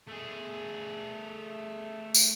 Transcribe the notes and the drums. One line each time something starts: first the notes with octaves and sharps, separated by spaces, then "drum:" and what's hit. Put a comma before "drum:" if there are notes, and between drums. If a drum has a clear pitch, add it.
A3 G#4
drum: tambourine